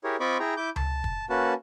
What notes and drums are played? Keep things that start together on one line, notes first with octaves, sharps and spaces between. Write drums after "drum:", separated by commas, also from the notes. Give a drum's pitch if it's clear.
E4 G4 G#4 A#4 C#5
C4 F4 D#5 B5 C#6 D6
E4 G#4 G5 A#5
E4 D6 G6
A5, drum: tom C#2
drum: kick
A#3 C#4 F#4 B4 A5